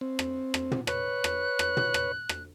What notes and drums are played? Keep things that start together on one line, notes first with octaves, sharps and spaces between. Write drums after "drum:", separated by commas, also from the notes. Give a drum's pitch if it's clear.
C4
drum: rim click
drum: rim click
drum: tom
B4 C#5 F#6, drum: rim click
drum: rim click
drum: rim click
drum: tom
drum: rim click
drum: rim click